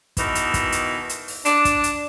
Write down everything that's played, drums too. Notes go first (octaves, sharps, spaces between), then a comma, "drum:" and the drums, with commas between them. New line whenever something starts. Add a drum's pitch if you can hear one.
B2 D#3 E3, drum: kick, hi-hat
drum: hi-hat
drum: kick, hi-hat
drum: hi-hat
drum: hi-hat
drum: open hi-hat
D4, drum: hi-hat
drum: kick, hi-hat
drum: hi-hat